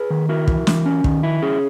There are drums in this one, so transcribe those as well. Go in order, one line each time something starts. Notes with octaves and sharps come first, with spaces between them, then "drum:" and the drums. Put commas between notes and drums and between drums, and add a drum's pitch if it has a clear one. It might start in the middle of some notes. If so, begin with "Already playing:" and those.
Already playing: G#4 B4
D#3
E4 F#4 A#4
E3, drum: kick
E3, drum: snare
C#4
D#3, drum: kick
E4
C#4 G#4